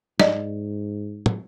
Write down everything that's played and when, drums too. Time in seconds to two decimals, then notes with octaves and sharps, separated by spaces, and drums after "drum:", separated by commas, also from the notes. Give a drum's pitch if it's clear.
0.20 G#2 D5 D#5, drum: snare
1.26 drum: tom